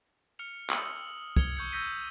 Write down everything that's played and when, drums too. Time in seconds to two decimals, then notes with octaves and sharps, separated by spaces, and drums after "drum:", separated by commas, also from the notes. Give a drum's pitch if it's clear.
0.39 F6 C#7 F7
0.70 D#6 E6 C#7 F#7, drum: clap
1.37 G#6 C#7 F7 G7, drum: kick
1.57 C#6 G6 G#6 C#7
1.72 E6 G6 A#6 B6 D#7